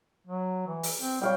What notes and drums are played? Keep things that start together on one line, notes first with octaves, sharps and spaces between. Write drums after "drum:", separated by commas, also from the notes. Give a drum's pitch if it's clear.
F#3
E3
drum: open hi-hat
C4
G3 C#5 F5 G5